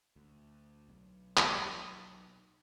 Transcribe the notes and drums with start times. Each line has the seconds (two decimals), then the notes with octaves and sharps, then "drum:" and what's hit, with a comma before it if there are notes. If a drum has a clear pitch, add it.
0.16 D2
0.89 B1
1.37 B1, drum: clap